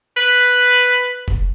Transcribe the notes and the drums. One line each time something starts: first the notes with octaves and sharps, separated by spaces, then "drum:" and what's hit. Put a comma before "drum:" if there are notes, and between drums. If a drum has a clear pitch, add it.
B4
drum: kick F1